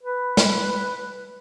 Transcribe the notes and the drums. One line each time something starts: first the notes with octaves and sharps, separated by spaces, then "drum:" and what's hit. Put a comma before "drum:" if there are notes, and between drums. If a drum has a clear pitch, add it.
B4
drum: snare